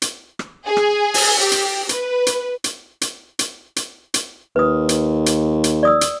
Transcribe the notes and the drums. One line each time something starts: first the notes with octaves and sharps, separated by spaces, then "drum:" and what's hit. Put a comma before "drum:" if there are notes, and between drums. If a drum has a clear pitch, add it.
drum: hi-hat
drum: rim click
G#4
drum: rim click
drum: open hi-hat
G4
drum: hi-hat
B4, drum: hi-hat
drum: hi-hat
drum: hi-hat
drum: hi-hat
drum: hi-hat
drum: hi-hat
drum: hi-hat
D#2 B4 D#6
drum: hi-hat
drum: hi-hat
drum: hi-hat
D5 D#6 E6
drum: hi-hat